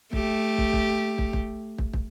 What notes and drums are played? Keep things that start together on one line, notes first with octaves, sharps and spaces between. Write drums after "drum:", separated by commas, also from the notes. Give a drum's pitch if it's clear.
A3 G4, drum: kick
drum: kick
drum: kick
drum: kick
drum: kick
drum: kick
drum: kick